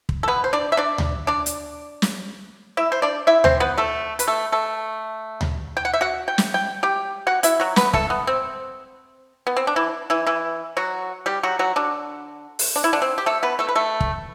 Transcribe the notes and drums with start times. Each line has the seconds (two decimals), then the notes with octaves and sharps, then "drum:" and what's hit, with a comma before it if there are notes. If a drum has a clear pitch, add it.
0.09 drum: kick
0.23 A4
0.28 B3 B4
0.44 C5
0.53 D4 D5
0.72 E5
0.77 D4 D5
0.98 drum: tom D2
1.27 D4 D5
1.46 drum: hi-hat
2.02 drum: snare
2.77 E4 E5
2.92 C5
3.02 D4 D5
3.27 E4 E5
3.44 C4 C5, drum: tom D2
3.60 B3 B4
3.78 A3 A4
4.19 B4, drum: hi-hat
4.28 A3 A4
4.52 A3 A4
5.41 drum: tom D2
5.77 G5
5.85 F#5
5.93 E5
6.01 F#4 F#5
6.28 G5
6.38 drum: snare
6.54 G5
6.83 G4 G5
7.27 F#4 F#5
7.43 E4 E5, drum: hi-hat
7.60 F#3 F#4
7.76 B3 B4, drum: snare
7.93 A3 A4, drum: kick
8.10 B3
8.27 C4
9.47 B3
9.57 C4
9.67 D4
9.76 E3 E4
10.10 E3 E4
10.27 E3 E4
10.77 F#3 F#4
11.26 G3 G4
11.43 F#3 F#4
11.59 F#3 F#4
11.76 D3 D4
12.59 drum: open hi-hat
12.76 D4
12.84 E4
12.93 D3 D4
13.02 C4
13.18 G4
13.26 A3 A4
13.43 B3 B4
13.59 A3 A4
13.68 B4
13.75 A3 A4
14.00 drum: kick